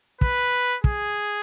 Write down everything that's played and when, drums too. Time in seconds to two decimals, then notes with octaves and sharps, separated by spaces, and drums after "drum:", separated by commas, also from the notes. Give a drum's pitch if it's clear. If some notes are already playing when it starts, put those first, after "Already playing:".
0.21 B4, drum: kick
0.84 G#4, drum: kick